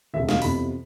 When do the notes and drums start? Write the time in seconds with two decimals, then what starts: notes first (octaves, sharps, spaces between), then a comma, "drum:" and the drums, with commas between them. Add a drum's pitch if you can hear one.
0.14 E1 D2 C3 G#3 E5
0.29 F5, drum: snare
0.42 F2 C3 E3 B3 B5, drum: open hi-hat